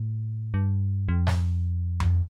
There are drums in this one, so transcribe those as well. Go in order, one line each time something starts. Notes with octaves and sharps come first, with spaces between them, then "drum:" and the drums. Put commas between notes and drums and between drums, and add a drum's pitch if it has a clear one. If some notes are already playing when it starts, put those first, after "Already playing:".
Already playing: A2
G2
F2
drum: snare G#2
drum: tom F2